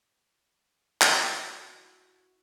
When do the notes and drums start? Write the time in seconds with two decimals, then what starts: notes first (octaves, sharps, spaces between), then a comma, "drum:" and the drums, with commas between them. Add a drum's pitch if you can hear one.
1.02 E4 F#4, drum: clap